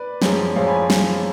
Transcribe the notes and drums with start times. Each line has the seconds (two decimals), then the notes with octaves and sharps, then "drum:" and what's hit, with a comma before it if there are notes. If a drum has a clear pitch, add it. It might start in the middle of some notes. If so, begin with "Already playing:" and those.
Already playing: B4 D5
0.22 F#2 F3 G#3, drum: snare
0.55 F#2 F3 G#3 C#5 F5
0.67 G#5 B5
0.90 drum: snare